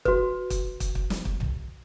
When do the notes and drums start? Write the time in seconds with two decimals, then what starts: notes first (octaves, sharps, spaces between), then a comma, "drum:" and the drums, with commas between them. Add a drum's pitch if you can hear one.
0.05 F#4 B4, drum: kick
0.50 drum: kick, hi-hat
0.80 drum: kick, hi-hat
0.95 drum: kick
1.10 drum: snare
1.25 drum: kick
1.40 drum: tom